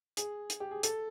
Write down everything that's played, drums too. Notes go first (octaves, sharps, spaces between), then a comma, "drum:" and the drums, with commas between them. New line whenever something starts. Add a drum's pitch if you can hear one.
G#4, drum: hi-hat
drum: hi-hat
G4
G#4
A4, drum: hi-hat